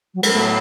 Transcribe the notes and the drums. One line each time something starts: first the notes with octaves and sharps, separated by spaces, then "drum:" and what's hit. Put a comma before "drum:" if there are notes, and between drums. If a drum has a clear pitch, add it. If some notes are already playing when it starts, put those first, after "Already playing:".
F#3
G#3, drum: cymbal
A2 F#3 A3 B3